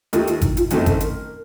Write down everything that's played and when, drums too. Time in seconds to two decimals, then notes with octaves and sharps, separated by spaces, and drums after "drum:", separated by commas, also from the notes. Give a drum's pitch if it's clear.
0.13 D#2 D#3 A3 F4, drum: hi-hat
0.27 F4, drum: hi-hat
0.41 D#4, drum: kick G#1, hi-hat
0.57 F4, drum: hi-hat
0.70 F#1 F2 D#3 A3 C4 F#4, drum: hi-hat
0.86 A4, drum: kick G#1, hi-hat
1.00 A#4, drum: hi-hat